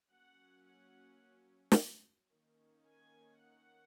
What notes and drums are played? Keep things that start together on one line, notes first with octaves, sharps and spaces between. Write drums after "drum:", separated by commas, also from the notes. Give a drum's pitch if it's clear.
F#3 A#3 C#4 F#5
F#5
drum: snare
D#3 A#3 C#4
G#5
F#5